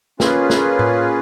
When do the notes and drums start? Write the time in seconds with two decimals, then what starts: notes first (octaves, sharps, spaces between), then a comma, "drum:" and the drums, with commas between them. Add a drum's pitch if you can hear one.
0.20 A#3 C#4 F4 G#4 B4, drum: snare
0.50 drum: snare
0.79 drum: tom A2